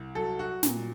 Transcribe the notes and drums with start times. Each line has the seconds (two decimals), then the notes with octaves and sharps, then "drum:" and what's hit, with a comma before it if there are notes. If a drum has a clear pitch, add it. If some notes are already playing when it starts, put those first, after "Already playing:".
Already playing: C2
0.15 F#3 A4
0.39 F#4
0.63 A#2, drum: snare